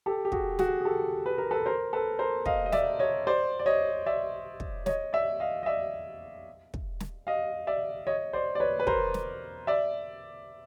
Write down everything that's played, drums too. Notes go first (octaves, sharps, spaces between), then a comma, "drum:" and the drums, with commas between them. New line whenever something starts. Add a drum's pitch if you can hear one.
G4 A4
G4
F#4 G#4, drum: kick
F#4 G#4, drum: snare
G#4
G4 A4
B4
A#4
A4 B4
A#4 C5
A4 B4
A#4 C5
D#5 F5, drum: kick
D#5
D5 E5, drum: snare
C#5 D#5
C5 D5
D5
C#5 D#5
D5 E5
drum: kick
C#5 D#5, drum: snare
D5 E5
D#5 F5
D#5
D5 E5
drum: kick
drum: snare
D#5 F5
D5 E5
C#5 D#5
C5 D5
D5
B4 C#5
B4
A#4 C5, drum: kick
drum: snare
D5 E5